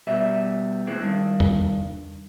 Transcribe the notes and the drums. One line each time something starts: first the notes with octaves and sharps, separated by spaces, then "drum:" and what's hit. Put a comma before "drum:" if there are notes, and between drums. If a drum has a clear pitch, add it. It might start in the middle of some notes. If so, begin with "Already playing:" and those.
B2 G3 B4 E5
E3 G#3 A3 C4
G2 D#3
drum: tom E2